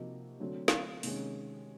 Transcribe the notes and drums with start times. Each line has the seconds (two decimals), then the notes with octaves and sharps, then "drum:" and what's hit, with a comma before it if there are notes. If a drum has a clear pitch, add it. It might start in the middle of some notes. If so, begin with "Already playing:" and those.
Already playing: C3 F3 A#3 D#4 F#4
0.40 D3 F#3 A3 C4
0.68 drum: snare
1.03 C3 D#3 G#3 C#4, drum: open hi-hat